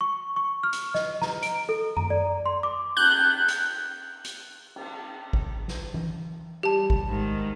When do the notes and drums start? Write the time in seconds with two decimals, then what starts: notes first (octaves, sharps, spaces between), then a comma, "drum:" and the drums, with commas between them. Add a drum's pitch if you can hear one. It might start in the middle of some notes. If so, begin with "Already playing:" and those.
0.01 C#6
0.36 C#6
0.63 F6
0.73 drum: hi-hat
0.94 D#5, drum: snare
1.22 A#5, drum: snare
1.43 D7, drum: hi-hat
1.69 A4
1.97 A#5, drum: tom F#2
2.10 D5
2.46 C6
2.63 D6
2.97 F#6 G6, drum: cymbal
3.48 drum: hi-hat
4.25 drum: hi-hat
4.76 drum: cymbal
5.33 drum: kick G#1
5.68 drum: snare
5.94 drum: tom E3
6.63 G3 G4 A5
6.90 drum: kick G#1
7.07 G#2 D#3